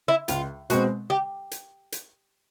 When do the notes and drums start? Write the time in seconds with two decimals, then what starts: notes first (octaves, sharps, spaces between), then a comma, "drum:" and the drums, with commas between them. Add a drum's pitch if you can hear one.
0.08 E4
0.28 C#2 F4, drum: hi-hat
0.70 B2 G#3 C4 F#4, drum: hi-hat
1.10 G4
1.51 drum: hi-hat
1.92 drum: hi-hat